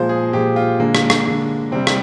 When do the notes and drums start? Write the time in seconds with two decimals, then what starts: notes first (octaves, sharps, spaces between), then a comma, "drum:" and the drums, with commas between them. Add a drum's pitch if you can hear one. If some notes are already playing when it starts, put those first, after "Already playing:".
Already playing: A#2 F3 G#3 C5
0.09 G#4
0.33 A#2 F3 G#3 G4
0.56 F4
0.80 D3 G#3 A#3
0.95 drum: rim click
1.10 drum: rim click
1.25 D3 G#3
1.72 C3 G3 C4
1.87 drum: rim click